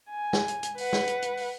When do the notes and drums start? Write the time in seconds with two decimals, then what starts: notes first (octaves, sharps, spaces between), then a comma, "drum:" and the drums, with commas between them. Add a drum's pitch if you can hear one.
0.11 G#5
0.33 drum: snare
0.48 drum: hi-hat
0.63 drum: hi-hat
0.78 B4 F#5, drum: open hi-hat
0.93 drum: snare
1.08 drum: hi-hat
1.22 drum: hi-hat
1.37 drum: open hi-hat